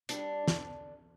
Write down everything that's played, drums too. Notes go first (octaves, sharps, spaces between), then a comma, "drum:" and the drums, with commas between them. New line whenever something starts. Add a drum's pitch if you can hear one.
G3 D4, drum: hi-hat
D3, drum: snare